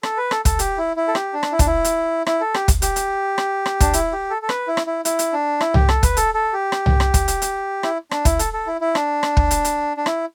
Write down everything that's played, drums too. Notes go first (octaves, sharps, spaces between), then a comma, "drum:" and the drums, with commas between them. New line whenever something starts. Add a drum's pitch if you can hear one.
A4, drum: rim click
B4
A4, drum: rim click
A4, drum: kick, hi-hat
G4, drum: hi-hat
E4
E4
A4
G4, drum: rim click
D4
drum: rim click
E4
D4, drum: kick, hi-hat
E4
drum: hi-hat
E4, drum: rim click
A4
G4, drum: rim click
drum: kick, hi-hat
G4, drum: hi-hat
drum: hi-hat
drum: rim click
drum: rim click
D4, drum: kick, hi-hat
E4, drum: hi-hat
G4
A4
A4
B4, drum: rim click
E4
drum: rim click
E4
E4, drum: hi-hat
drum: hi-hat
D4
E4, drum: rim click
G4, drum: tom C2
A4, drum: rim click
B4, drum: kick, hi-hat
A4, drum: hi-hat
A4
G4
drum: rim click
drum: tom C2
drum: rim click
drum: kick, hi-hat
drum: hi-hat
drum: hi-hat
E4, drum: rim click
D4, drum: rim click
E4, drum: kick, hi-hat
A4, drum: hi-hat
A4
E4
E4
D4, drum: rim click
drum: rim click
drum: kick
drum: hi-hat
drum: hi-hat
D4
E4, drum: rim click